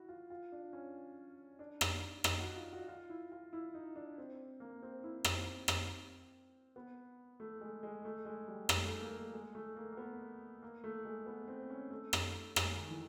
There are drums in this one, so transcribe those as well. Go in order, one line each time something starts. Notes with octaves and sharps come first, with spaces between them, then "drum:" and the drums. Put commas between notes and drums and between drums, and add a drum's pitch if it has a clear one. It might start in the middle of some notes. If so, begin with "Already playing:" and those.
Already playing: E4 F#4
F4
F4
D4
C#4
D4
drum: rim click
D#4, drum: rim click
F#4
F4
F#4
F4
E4
F4
E4
D#4
D4
C4
A#3
C4
E4
C4, drum: rim click
drum: rim click
B3
A3
G#3
G#3
A3
G#3
G3
G#3, drum: rim click
A3
A#3
A3
G#3
A3
A#3
A#3
B3
A#3
A3
G#3
B3
C4
C#4
A3
drum: rim click
G#3, drum: rim click
D#3
E3